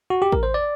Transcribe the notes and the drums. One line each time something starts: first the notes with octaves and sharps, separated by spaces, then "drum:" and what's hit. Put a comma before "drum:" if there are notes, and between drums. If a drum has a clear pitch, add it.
F#4
G4
A#4, drum: kick A1
C5
D5